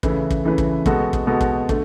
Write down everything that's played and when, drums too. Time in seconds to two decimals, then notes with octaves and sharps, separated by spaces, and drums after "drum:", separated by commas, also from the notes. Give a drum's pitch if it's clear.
0.03 C#3 E3 A3 E4 B4, drum: kick
0.30 drum: kick
0.45 C#3 E3 A3 E4 B4
0.58 drum: kick
0.86 B2 G#3 B3 F#4 A4, drum: kick
1.13 drum: kick
1.27 B2 G#3 B3 F#4 A4
1.41 drum: kick
1.69 D3 A3, drum: kick